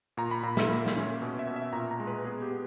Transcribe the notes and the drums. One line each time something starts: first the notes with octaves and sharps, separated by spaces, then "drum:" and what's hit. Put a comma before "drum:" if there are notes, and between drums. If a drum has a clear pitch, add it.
A#2 A#5
B5
A#2 A#5
E5, drum: snare
A#3
drum: snare
C#4
B2
E5
B2
E5
A#2 A#5
A#5
G#3
B4
B3 G#4
G4
B3